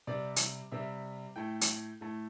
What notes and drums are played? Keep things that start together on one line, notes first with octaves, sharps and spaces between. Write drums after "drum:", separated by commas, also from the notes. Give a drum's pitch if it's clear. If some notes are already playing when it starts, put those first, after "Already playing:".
C3 G3 D5
drum: hi-hat
C3 G3 E5
A2 A3 G5
drum: hi-hat
A2 A3